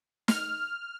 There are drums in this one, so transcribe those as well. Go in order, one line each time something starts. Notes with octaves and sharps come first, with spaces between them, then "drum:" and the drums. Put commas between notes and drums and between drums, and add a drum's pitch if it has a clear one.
F6, drum: snare